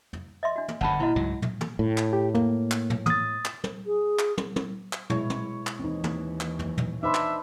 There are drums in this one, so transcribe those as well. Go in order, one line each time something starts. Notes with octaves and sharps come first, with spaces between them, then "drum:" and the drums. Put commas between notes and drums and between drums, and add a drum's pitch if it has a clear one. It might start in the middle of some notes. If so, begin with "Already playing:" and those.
drum: tom
D#5 E5 C6
D4 F#4
drum: tom
G1 F#2 D3 F#5 A5 B5
A#2 E4 F#4 D#5
C#2 G#2 F#3
drum: tom
drum: tom
A2
drum: clap
G4
A#3, drum: tom
drum: clap
drum: tom
D#6 A6, drum: tom
drum: clap
drum: tom
G#4
drum: clap
drum: tom
drum: tom
drum: clap
B2 G#3 E4 C#5, drum: tom
drum: tom
drum: clap
D#2 E3 C4 D#4
drum: tom
drum: clap
drum: tom
drum: tom
D4 D#4 B4 C5 E5 B5 C6
drum: clap